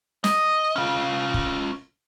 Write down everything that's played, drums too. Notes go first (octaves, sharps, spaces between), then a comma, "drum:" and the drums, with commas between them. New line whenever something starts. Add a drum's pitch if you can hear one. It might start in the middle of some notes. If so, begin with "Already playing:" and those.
D#5, drum: snare
C#4 F4
drum: kick